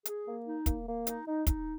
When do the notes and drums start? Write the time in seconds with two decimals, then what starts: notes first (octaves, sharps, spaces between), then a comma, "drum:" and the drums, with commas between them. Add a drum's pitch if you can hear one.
0.05 G#4, drum: hi-hat
0.26 A#3
0.46 D#4
0.66 A#3, drum: kick, hi-hat
0.86 A#3
1.07 D#4, drum: hi-hat
1.27 D#4
1.47 D#4, drum: kick, hi-hat